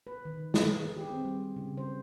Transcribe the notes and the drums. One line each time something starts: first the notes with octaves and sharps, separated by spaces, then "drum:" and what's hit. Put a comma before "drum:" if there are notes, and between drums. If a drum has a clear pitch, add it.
B4
D#3
B4, drum: snare
G#4
G4
C4
G3
C#3
C5